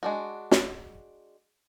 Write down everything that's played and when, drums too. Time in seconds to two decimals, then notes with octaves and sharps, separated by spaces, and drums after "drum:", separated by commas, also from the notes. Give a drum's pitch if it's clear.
0.03 G#3 D4 F#4
0.51 drum: snare